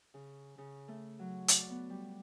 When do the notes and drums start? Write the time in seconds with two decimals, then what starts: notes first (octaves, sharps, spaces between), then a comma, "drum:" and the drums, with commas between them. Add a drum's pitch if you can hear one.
0.14 C#3
0.58 C#3
0.88 A3
1.19 F#3
1.48 D5, drum: hi-hat
1.70 B3
1.90 G3